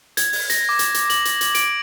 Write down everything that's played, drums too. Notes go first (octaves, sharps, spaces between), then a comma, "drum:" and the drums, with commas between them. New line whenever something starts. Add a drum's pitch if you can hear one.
G#6, drum: hi-hat
drum: open hi-hat
A#6, drum: hi-hat
D6
drum: hi-hat
drum: hi-hat
F#7, drum: hi-hat
drum: hi-hat
drum: hi-hat
D7, drum: hi-hat